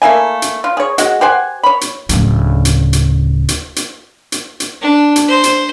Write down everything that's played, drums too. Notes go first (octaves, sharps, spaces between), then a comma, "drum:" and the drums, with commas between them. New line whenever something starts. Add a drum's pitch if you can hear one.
A3 A#3 E4 G#5
drum: hi-hat
F4
G#4 C#5
G#3 F#4, drum: hi-hat
G4 C5 F#5 G#5
C#5 B5
drum: hi-hat
D1 C#3, drum: hi-hat
drum: hi-hat
drum: hi-hat
drum: hi-hat
drum: hi-hat
drum: hi-hat
drum: hi-hat
D4
drum: hi-hat
C5
drum: hi-hat